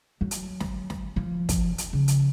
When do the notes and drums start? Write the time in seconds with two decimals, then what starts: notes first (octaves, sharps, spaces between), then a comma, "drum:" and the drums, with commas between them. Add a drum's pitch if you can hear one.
0.21 F#3
0.31 drum: hi-hat
0.60 drum: snare
0.90 drum: snare
1.16 F3
1.49 drum: kick, hi-hat
1.78 drum: hi-hat
1.93 C#3
2.08 drum: hi-hat